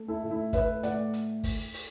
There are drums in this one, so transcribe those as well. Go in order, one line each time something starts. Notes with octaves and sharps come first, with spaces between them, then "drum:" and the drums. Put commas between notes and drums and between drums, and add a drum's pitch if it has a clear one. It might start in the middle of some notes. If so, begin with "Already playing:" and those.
Already playing: A3
E4 A4
A2
E4
A3 B4 E5, drum: kick, hi-hat
A2 D5 F#5, drum: hi-hat
drum: hi-hat
drum: kick, open hi-hat
drum: open hi-hat